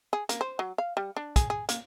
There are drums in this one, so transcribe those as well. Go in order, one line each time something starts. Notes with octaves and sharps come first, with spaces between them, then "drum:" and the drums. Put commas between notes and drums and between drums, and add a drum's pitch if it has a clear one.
G#4
A#3, drum: hi-hat
C5
F#3
F5
G3
D4
G#4, drum: kick, hi-hat
G#4
A#3, drum: hi-hat